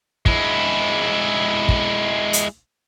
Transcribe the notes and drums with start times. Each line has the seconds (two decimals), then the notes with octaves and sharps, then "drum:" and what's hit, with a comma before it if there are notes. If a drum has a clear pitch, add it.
0.26 G#3 E4, drum: kick
1.69 drum: kick
2.33 drum: hi-hat